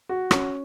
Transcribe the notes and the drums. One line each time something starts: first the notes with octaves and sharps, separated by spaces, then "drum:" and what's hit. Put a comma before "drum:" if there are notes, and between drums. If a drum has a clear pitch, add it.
F#4
C#4, drum: rim click